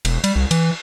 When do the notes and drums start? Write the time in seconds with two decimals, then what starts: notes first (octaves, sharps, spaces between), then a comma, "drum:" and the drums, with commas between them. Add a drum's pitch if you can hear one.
0.05 E1, drum: cymbal
0.24 G3, drum: cymbal
0.36 C2
0.51 E3, drum: cymbal